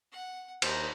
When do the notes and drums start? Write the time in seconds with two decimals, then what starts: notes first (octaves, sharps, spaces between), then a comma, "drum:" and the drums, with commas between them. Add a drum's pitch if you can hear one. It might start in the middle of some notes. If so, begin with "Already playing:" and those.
0.12 F#5
0.62 D#2 D#4 C5, drum: cymbal